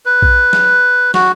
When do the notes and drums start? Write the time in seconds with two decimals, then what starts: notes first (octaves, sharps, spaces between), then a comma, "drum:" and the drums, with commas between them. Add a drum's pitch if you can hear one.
0.06 B4
0.22 drum: kick A#1
0.53 drum: snare
1.14 F#4, drum: snare